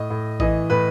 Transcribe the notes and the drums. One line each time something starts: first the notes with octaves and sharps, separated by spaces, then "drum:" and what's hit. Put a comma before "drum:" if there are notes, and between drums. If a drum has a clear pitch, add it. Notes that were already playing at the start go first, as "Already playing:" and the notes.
Already playing: A2 D#5
A2
E3 D#5, drum: kick A1
A2 B4